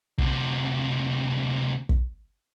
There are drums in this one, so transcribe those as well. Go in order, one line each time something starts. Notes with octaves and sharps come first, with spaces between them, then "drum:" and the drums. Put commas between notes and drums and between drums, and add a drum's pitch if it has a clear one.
D2 C3, drum: kick
drum: kick